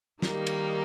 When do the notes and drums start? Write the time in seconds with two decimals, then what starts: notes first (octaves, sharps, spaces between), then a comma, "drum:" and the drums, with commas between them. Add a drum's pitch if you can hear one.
0.22 D#3 G3 A#3 D#4, drum: snare
0.47 drum: cymbal